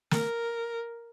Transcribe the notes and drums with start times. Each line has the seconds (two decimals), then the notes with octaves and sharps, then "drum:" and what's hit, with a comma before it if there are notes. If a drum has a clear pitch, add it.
0.11 A#4, drum: snare